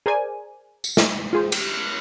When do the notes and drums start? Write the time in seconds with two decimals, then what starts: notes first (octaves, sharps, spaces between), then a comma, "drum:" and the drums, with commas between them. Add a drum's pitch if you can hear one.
0.06 G#4 A#4 C5 D5 G#5
0.84 drum: tambourine
0.97 drum: snare
1.33 F4 G#4 C5
1.52 G4, drum: cymbal